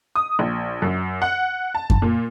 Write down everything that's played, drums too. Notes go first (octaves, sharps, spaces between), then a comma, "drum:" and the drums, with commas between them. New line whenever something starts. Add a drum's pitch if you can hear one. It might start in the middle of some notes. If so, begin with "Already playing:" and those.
D#6
A#1
F#2
F#5
A5
drum: kick F#2
A#2